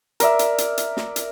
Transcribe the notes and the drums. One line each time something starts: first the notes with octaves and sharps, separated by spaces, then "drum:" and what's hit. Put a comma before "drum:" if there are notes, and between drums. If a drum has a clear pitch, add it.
A#4 D5 E5, drum: hi-hat
drum: hi-hat
drum: hi-hat
drum: hi-hat
drum: snare
drum: hi-hat